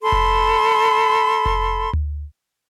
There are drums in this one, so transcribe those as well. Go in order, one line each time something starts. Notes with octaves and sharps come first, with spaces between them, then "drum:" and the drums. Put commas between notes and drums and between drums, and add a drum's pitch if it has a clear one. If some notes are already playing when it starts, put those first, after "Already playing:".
A4 B5 C6
drum: kick F1
drum: kick F1
drum: tom D2